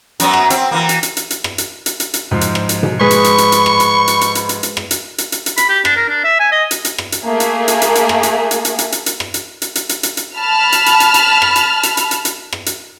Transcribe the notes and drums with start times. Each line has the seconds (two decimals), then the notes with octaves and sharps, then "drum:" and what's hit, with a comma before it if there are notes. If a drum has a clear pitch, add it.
0.20 F#2 F#3 B3, drum: hi-hat
0.33 drum: rim click
0.50 C4, drum: hi-hat
0.71 E3 A#3
0.89 drum: hi-hat
1.03 drum: hi-hat
1.17 drum: hi-hat
1.30 drum: hi-hat
1.44 drum: rim click
1.58 drum: hi-hat
1.86 drum: hi-hat
2.00 drum: hi-hat
2.14 drum: hi-hat
2.31 G#2 F3
2.41 drum: hi-hat
2.55 drum: rim click
2.69 drum: hi-hat
2.83 drum: tom B2
3.00 G#3 G#4 B4 B5 C#6
3.11 drum: hi-hat
3.24 drum: hi-hat
3.38 drum: hi-hat
3.52 drum: hi-hat
3.66 drum: rim click
3.80 drum: hi-hat
4.08 drum: hi-hat
4.21 drum: hi-hat
4.35 drum: hi-hat
4.49 drum: hi-hat
4.63 drum: hi-hat
4.77 drum: rim click
4.91 drum: hi-hat
5.18 drum: hi-hat
5.32 drum: hi-hat
5.46 drum: hi-hat
5.57 B5, drum: hi-hat
5.69 G4
5.85 D4, drum: rim click
5.96 A#4
6.09 D4
6.24 E5
6.40 G#5
6.52 D#5
6.71 drum: hi-hat
6.85 drum: hi-hat
6.98 drum: rim click
7.12 drum: hi-hat
7.24 A3 A#3 G#4
7.40 drum: hi-hat
7.68 drum: hi-hat
7.82 drum: hi-hat
7.95 drum: hi-hat
8.09 drum: rim click
8.23 drum: hi-hat
8.51 drum: hi-hat
8.65 drum: hi-hat
8.79 drum: hi-hat
8.92 drum: hi-hat
9.06 drum: hi-hat
9.20 drum: rim click
9.34 drum: hi-hat
9.62 drum: hi-hat
9.75 drum: hi-hat
9.89 drum: hi-hat
10.03 drum: hi-hat
10.17 drum: hi-hat
10.37 A5 B5 F6
10.72 drum: hi-hat
10.86 drum: hi-hat
11.00 drum: hi-hat
11.14 drum: hi-hat
11.42 drum: rim click
11.56 drum: hi-hat
11.83 drum: hi-hat
11.97 drum: hi-hat
12.11 drum: hi-hat
12.25 drum: hi-hat
12.53 drum: rim click
12.66 drum: hi-hat